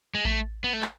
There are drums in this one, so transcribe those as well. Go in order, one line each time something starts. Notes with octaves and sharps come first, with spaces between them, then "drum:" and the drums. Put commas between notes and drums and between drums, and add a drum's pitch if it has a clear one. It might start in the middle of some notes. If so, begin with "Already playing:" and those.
G#3
A3, drum: kick A1
B3
A3
drum: clap